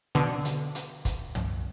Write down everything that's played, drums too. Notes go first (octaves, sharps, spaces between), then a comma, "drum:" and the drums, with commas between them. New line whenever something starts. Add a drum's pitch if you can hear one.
B2 D3
drum: hi-hat
drum: hi-hat
drum: kick, hi-hat
drum: tom